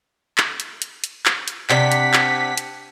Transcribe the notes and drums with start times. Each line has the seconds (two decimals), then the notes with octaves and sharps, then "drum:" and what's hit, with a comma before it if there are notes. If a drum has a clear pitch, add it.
0.38 drum: clap
0.60 drum: hi-hat
0.82 drum: hi-hat
1.04 drum: hi-hat
1.26 drum: clap
1.48 drum: hi-hat
1.70 C3 D4 G4 F#5 B6, drum: clap
1.92 drum: hi-hat
2.14 drum: clap
2.58 drum: hi-hat